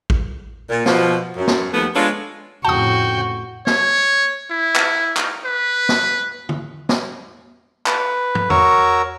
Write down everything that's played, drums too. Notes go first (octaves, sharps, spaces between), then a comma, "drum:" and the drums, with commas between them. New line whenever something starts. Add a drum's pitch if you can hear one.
drum: kick
A#2
B2 F3, drum: snare
F#2
drum: snare
D#2 F3 A3 B3
G#3 B3 D4 F4 A4 C#5
F2 A2 C#3 F#4 G5 A5 D#6
C#5, drum: snare
E4
drum: clap
drum: clap
B4
drum: snare
drum: tom
drum: snare
B4, drum: clap
drum: tom
F#4 A#4 C#5 A#5 C#6 E6, drum: tom E2